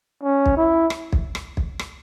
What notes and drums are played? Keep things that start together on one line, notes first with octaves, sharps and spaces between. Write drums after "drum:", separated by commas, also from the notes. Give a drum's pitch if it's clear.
C#4
drum: kick B1
E4
drum: rim click
drum: kick B1
drum: rim click
drum: kick B1
drum: rim click